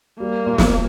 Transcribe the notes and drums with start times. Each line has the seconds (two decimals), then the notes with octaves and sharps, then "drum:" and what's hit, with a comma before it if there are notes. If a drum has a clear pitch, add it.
0.20 G3 A#3
0.46 A#2
0.58 drum: snare
0.72 A#2